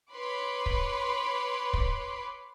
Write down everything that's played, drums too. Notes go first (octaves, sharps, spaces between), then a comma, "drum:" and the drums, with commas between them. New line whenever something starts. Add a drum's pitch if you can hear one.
B4 C#5 B5 C6 D6
drum: kick
drum: kick